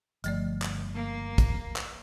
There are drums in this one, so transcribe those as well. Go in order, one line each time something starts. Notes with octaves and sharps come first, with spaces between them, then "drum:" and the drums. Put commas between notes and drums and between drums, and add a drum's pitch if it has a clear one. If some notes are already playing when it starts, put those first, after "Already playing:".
G1 F3 A3 D5, drum: hi-hat
drum: clap
A#3
drum: kick, hi-hat
drum: clap